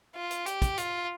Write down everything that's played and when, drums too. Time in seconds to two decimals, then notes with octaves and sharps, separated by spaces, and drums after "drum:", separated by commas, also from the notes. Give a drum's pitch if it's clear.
0.15 F4
0.31 drum: hi-hat
0.46 G4, drum: hi-hat
0.62 drum: kick, hi-hat
0.78 F4, drum: hi-hat